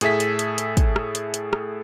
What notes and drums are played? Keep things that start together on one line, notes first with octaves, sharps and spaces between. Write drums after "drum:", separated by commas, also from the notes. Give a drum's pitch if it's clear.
A2 G#4 A4 E5 B6, drum: hi-hat
drum: hi-hat
drum: hi-hat
drum: hi-hat
drum: kick, hi-hat
drum: rim click
drum: hi-hat
drum: hi-hat
drum: rim click